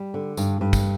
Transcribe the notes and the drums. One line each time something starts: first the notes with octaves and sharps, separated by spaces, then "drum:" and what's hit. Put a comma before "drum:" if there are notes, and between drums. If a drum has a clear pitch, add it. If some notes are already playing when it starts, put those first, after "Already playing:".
Already playing: G3
D3
G2, drum: tambourine
G2
drum: kick, tambourine